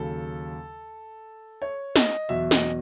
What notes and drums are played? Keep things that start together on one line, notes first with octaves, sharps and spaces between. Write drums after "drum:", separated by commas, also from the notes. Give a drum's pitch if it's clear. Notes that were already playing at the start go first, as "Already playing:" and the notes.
Already playing: D#2 C#3 F#3 A4
C#5
D#5, drum: snare
E2 B2 F#3 E5
D#5, drum: snare